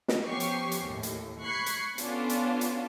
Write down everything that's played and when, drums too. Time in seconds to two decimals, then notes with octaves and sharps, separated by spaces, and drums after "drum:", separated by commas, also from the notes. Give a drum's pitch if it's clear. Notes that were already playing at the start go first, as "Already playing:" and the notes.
0.08 drum: snare
0.24 F3 B3 C#4 G4 C#6 C7
0.40 drum: hi-hat
0.72 drum: hi-hat
0.83 D#2 A2
1.03 drum: hi-hat
1.43 B5 C#6 F#6 G#6 C7 C#7
1.66 drum: hi-hat
1.98 B3 C#4 D4 F4 A4, drum: hi-hat
2.29 drum: hi-hat
2.61 drum: hi-hat